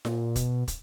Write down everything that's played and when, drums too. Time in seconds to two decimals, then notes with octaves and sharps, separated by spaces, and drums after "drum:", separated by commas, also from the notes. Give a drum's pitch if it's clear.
0.05 A#2, drum: snare F4
0.36 B2, drum: kick, hi-hat
0.68 drum: kick, hi-hat